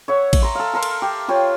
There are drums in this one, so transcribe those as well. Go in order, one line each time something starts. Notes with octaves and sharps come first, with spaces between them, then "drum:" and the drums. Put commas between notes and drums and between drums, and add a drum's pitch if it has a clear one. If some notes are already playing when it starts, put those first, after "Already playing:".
C#5 E5 F#5
drum: kick A1, cymbal
A#5 C6
A4 F5
A4 A#4 C6
drum: cymbal
G4
F4 G4 C#5